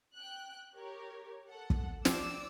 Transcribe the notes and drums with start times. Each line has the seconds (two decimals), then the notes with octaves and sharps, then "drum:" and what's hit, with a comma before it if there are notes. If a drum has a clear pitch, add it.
0.16 G5 F#6
0.75 G4 A#4 C#5
1.47 A4 F#5
1.70 drum: kick
2.05 F3 C4 D5 D6 E6, drum: snare